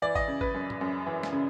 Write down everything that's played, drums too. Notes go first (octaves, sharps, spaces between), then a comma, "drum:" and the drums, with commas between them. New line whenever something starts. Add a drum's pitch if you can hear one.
E3 D5
D#5, drum: kick G#1
C#3
B4, drum: kick G#1
F#2
drum: tom
F#2
E3
drum: snare
C#3